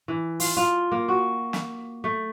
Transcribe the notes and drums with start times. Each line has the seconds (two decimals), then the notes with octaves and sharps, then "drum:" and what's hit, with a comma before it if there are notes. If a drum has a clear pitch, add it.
0.08 E3
0.40 F4, drum: open hi-hat
0.57 F4
0.92 A#3
1.08 F#4
1.53 drum: snare
2.04 A3